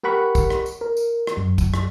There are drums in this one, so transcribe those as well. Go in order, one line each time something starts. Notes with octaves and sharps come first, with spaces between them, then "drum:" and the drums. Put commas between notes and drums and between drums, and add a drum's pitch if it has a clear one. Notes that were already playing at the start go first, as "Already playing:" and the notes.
G4 A#4 F#5 B5 C#6
drum: kick, tambourine
drum: rim click
drum: tambourine
A#4
drum: tambourine
drum: rim click
F#2
drum: kick, tambourine
drum: rim click